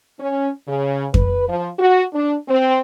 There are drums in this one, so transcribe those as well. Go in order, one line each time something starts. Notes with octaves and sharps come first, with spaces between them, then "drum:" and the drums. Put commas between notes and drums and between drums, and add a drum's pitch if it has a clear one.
C#4
C#3
B4, drum: kick F2
F3
F#4
D4
C4